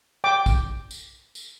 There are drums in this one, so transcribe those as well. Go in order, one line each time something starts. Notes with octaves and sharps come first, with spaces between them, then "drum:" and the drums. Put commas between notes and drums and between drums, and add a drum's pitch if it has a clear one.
G5 D6
drum: kick, tambourine
drum: tambourine
drum: tambourine